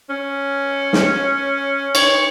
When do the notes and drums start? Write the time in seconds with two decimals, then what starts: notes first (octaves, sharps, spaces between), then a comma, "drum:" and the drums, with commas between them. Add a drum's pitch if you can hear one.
0.09 C#4
0.93 drum: snare
1.95 C#5, drum: cymbal